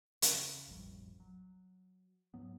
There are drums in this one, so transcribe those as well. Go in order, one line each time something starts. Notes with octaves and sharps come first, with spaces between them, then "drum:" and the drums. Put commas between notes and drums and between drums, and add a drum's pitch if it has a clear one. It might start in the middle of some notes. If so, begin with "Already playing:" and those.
E2 C#3, drum: hi-hat
E1 A1 F2 G3
F#3
G#2 F#3 B3